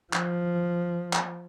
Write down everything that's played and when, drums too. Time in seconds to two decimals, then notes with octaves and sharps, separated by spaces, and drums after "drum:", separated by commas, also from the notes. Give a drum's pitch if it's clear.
0.13 F3, drum: clap
1.13 drum: clap